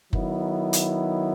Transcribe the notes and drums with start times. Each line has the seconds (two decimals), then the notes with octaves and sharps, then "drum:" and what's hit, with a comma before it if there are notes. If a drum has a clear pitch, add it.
0.13 D#3 F#3 B3 E4, drum: kick F#1
0.73 drum: hi-hat